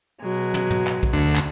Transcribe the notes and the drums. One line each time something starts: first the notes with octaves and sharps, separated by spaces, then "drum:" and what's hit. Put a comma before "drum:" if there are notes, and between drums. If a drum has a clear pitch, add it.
B2 F#3 G#3
drum: tom
drum: tom
drum: clap
drum: kick
D2
drum: clap